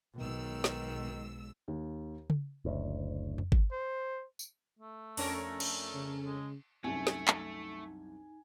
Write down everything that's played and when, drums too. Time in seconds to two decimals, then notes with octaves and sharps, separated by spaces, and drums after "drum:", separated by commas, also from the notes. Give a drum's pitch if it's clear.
0.18 B1 G#2 B2 D#3 E6
0.64 drum: snare
1.68 D#2
2.30 drum: tom C#3
2.65 F#1 D2
3.38 drum: tom F2
3.52 drum: kick G1
3.71 C5
4.39 drum: tambourine
4.79 A3
5.17 F2 C#4 D4 A4 A#4 C#5, drum: open hi-hat
5.60 drum: cymbal
5.94 C#3
6.25 G#3
6.84 C2 F#2 A3 D#4 G#5
7.07 drum: snare
7.28 drum: clap